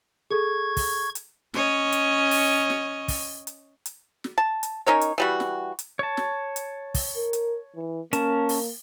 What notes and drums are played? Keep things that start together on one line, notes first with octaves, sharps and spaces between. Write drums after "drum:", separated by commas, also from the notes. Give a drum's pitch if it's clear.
G#4 A4 C#6 G#6
drum: kick, open hi-hat
drum: hi-hat
C#4 C#5 D#5, drum: snare
drum: hi-hat
drum: open hi-hat
drum: snare
drum: kick, open hi-hat
drum: hi-hat
drum: hi-hat
drum: snare
A5
drum: hi-hat
C#4 D#4 A#4 C#5
drum: hi-hat
E3 G3 F#4
drum: snare
drum: hi-hat
C#5 A5
drum: snare
drum: hi-hat
drum: kick, open hi-hat
A#4
drum: hi-hat
E3
A#3 C#4 A#4 A5, drum: hi-hat
drum: open hi-hat